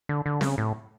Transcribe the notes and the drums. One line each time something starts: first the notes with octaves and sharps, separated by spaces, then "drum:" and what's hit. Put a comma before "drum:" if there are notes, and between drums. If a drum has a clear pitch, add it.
D3
D3
C#3, drum: snare C4
A2